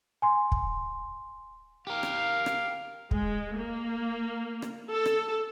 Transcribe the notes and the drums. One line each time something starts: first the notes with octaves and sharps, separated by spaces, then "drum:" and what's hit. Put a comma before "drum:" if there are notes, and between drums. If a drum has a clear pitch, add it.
G#5 C6
drum: kick
G4 A#4 F5
drum: rim click
drum: rim click
G#3, drum: kick
A#3
drum: rim click
A4
drum: rim click